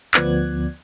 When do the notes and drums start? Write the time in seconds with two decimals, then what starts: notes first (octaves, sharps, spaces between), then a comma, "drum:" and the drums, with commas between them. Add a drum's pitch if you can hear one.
0.14 D2 F3 B3 D5 F#6 G#6, drum: clap